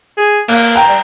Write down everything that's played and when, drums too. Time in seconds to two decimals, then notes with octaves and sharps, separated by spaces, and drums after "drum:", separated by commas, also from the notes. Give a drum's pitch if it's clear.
0.17 G#4
0.48 A#3 F#6, drum: cymbal
0.75 G5 A#5
0.88 G3